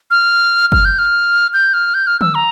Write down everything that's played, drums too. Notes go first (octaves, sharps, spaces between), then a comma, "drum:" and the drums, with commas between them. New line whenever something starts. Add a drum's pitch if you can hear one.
F6
F6, drum: kick F#1
G6
F6
G6
F6
G6
F6
E6, drum: tom
A#5